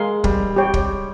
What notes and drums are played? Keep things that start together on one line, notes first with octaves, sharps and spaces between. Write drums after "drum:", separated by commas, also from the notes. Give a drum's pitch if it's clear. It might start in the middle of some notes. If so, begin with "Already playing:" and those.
Already playing: G#3 A#4 F5 G#5 C6
G3, drum: kick
G4 C#5 G5
drum: kick